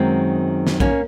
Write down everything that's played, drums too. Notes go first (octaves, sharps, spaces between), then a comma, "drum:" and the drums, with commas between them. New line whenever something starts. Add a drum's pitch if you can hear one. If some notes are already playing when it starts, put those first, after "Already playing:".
Already playing: F#2 D#3 F#3 G#3 C4
drum: snare
A#3 C#4, drum: kick A#1